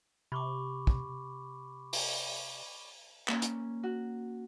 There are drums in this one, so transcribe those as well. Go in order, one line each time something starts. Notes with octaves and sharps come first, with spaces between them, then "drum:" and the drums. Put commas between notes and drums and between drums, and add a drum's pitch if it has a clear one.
C3 B5 C#6 D6
drum: kick
drum: open hi-hat
A#3 C#4, drum: clap
drum: hi-hat
F#4